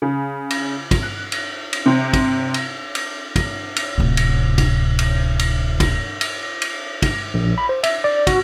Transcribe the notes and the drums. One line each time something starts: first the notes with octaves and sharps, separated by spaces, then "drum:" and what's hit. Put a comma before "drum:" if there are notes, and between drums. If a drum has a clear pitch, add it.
C#3
drum: cymbal
drum: kick, cymbal
F#6
drum: cymbal
drum: cymbal
C3 C4
drum: kick, cymbal
drum: cymbal
drum: cymbal
drum: kick, cymbal
drum: cymbal
D1 C3
drum: cymbal
drum: kick, cymbal
drum: cymbal
drum: cymbal
drum: kick, cymbal
drum: cymbal
drum: cymbal
drum: kick, cymbal
A#1
B5
C5
E5, drum: cymbal
D5
F#4, drum: kick, cymbal